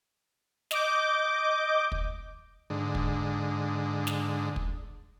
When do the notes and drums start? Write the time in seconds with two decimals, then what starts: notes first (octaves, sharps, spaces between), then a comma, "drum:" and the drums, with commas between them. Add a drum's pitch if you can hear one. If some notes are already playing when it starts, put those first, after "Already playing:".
0.71 D#5 D6 G6, drum: snare
1.92 drum: kick
2.70 G#2 D3
2.95 drum: kick
4.07 drum: snare
4.56 drum: kick